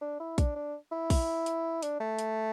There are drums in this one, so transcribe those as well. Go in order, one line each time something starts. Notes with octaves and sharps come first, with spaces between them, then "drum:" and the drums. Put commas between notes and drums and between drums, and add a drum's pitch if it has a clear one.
D4
E4
D4, drum: kick, hi-hat
D4
E4
drum: kick, open hi-hat
drum: hi-hat
D4, drum: hi-hat
A3
drum: hi-hat